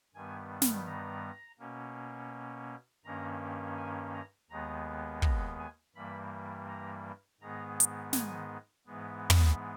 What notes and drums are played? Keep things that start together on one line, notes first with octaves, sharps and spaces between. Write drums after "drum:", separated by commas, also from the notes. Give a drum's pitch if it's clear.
G2 D#3 G3 B3 G#5
drum: snare
A#5
B2 A#3 C#4
G2 D#3 A#3 C#4 A#5
G#5
A#5
D#2 D#3 G#3 B3 A#5
A#5, drum: kick
G#5
G2 E3 G3 A#3 B5
A#5
G#2 D#3 G#3 B3 A#5
drum: hi-hat
G#5, drum: snare
G#2 E3 G#3 B3
drum: tom